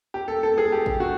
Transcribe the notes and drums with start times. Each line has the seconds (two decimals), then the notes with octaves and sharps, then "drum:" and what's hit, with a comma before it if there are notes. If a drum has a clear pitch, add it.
0.14 G4
0.28 A4
0.43 A4
0.58 G#4
0.72 G4
0.86 drum: kick
1.00 F#4